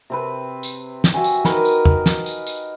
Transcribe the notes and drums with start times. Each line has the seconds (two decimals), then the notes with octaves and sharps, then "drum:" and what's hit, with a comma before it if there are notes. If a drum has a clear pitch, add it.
0.10 C3 C4 B4
0.63 drum: tambourine
1.04 drum: snare
1.14 F#4 E5 G5 G#5
1.24 drum: tambourine
1.45 D#4 A#4 B4, drum: snare
1.65 drum: tambourine
1.85 drum: tom
2.06 drum: snare
2.26 drum: tambourine
2.47 drum: tambourine